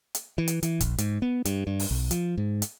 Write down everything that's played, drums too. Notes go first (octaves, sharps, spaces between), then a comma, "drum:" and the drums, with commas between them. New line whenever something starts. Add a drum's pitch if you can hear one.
drum: hi-hat
E3
drum: hi-hat
E3, drum: hi-hat
A#1, drum: kick C#1, hi-hat
G#2, drum: hi-hat
B3
G2, drum: hi-hat
G2
drum: open hi-hat
B1
F3, drum: hi-hat
G#2
drum: hi-hat